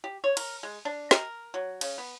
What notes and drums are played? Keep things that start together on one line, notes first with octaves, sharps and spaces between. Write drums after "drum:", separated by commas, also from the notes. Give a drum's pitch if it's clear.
G4
C#5
A#4, drum: cymbal
G#3
D4
A#4, drum: snare
F#3
C#3, drum: cymbal
B3